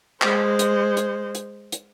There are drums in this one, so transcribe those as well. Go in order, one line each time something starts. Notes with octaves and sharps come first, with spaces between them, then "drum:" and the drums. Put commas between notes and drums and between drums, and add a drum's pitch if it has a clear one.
G#3 C5, drum: clap
drum: hi-hat
drum: hi-hat
drum: hi-hat
drum: hi-hat